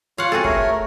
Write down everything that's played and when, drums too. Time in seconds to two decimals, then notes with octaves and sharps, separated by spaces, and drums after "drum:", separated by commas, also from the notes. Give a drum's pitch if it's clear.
0.18 F4 C#5 F5 F#5
0.32 C4 F#4 G#4 A4
0.44 A3 A#4 C#5, drum: kick